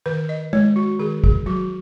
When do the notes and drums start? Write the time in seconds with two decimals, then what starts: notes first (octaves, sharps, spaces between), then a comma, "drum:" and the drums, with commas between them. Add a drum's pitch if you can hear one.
0.06 D#3 B4
0.29 D#5
0.53 G#3 C#5, drum: tom
0.76 F#4
0.99 D#3 G#4
1.24 G#4, drum: kick
1.46 F#3 F#4